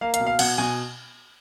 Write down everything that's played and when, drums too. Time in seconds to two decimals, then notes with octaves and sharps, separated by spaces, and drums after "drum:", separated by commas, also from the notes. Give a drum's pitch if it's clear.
0.01 A#3 F5
0.14 F5, drum: hi-hat
0.20 B2
0.26 F5
0.39 B2 F#5, drum: cymbal
0.58 B2 G#5